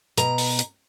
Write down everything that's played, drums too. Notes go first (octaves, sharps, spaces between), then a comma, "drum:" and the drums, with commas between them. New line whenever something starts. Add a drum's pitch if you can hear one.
B2 A#5, drum: hi-hat
drum: open hi-hat
drum: hi-hat